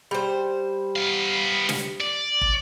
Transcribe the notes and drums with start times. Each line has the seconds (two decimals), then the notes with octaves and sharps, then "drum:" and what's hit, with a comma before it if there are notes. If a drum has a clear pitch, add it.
0.11 G3 C5
0.96 B3 F5
1.69 drum: snare
2.01 D5
2.41 drum: kick